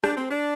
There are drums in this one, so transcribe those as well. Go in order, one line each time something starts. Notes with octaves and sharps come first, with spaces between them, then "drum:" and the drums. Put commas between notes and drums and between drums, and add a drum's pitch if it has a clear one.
D4, drum: rim click
C4
D4